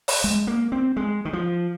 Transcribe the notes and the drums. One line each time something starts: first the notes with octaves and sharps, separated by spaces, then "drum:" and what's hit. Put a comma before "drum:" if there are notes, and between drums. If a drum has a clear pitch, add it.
drum: open hi-hat
G#3
A#3
C4
G#3
D#3
F3